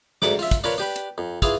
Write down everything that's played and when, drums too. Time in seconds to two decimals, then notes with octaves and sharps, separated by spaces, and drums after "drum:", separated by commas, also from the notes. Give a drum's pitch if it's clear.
0.22 D2 G#2 F#5 D6, drum: snare
0.39 F4 E5, drum: open hi-hat
0.51 drum: kick, hi-hat
0.64 D4 F4 A#4 B4 C#5, drum: open hi-hat
0.78 D4 G4 B4
0.96 drum: hi-hat
1.18 F2
1.42 E3 F4 G#4 F5, drum: kick, hi-hat